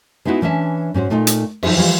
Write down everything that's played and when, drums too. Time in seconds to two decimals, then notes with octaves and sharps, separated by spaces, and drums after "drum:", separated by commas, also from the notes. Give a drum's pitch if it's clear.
0.25 G#3 B3 D#4 E4 F#4
0.42 E3 C#4 D4 E5 A5
0.94 G#2 C#4 F#4 C5
1.10 A#2 A3 D#4 F4
1.27 drum: hi-hat
1.63 F3 D#4 F4 G#4 E5, drum: cymbal
1.76 E3 F3 G3 F4